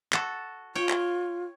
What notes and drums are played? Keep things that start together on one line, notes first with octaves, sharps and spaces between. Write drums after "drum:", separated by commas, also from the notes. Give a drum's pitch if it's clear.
F#4 A4, drum: clap
F4 C#5 G5
drum: clap